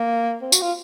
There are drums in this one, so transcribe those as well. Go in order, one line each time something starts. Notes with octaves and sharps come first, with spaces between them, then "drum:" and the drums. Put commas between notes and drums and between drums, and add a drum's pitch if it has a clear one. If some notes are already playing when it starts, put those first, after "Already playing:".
Already playing: A#3
C4
F#4, drum: tambourine
F4